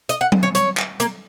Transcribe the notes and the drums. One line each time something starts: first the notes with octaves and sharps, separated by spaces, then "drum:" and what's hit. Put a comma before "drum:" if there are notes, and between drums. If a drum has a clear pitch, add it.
D#5, drum: hi-hat
F#5
drum: tom F#3
C#5
C#5, drum: hi-hat
drum: clap
A#3, drum: hi-hat